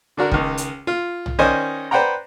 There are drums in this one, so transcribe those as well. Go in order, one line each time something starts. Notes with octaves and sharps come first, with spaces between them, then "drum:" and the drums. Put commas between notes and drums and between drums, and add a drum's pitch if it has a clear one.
D3 D4 F#4 A#4
C#2 D#3, drum: kick
drum: hi-hat
F4
drum: tom
D#3 C#4 C5 D5 D#5 G#5
B4 C5 D5 F#5 G5 A#5